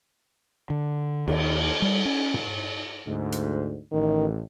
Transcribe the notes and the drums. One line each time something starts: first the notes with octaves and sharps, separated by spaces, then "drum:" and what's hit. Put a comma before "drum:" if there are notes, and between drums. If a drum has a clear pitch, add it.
D3
D#2 D#3, drum: cymbal
G3
C#4
drum: tom
D2 G#2
drum: hi-hat
A1 D#3